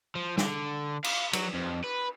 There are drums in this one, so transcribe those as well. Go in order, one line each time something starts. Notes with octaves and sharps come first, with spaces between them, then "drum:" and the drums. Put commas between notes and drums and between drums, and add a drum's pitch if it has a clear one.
F3
D3, drum: snare
F5, drum: cymbal
F#3, drum: cymbal
F2
B4